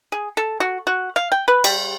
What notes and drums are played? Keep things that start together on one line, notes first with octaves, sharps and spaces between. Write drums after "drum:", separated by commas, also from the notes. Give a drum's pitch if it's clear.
G#4
A4
F#4
F#4
F5
G5
B4
G3, drum: cymbal